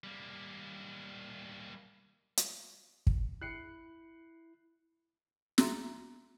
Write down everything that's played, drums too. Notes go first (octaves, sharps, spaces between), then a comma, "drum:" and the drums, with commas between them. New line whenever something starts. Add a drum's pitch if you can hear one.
G3 A#3
drum: hi-hat
drum: kick
E4 F#6 C7 C#7
F#4 E5 A#5 C6 D6, drum: snare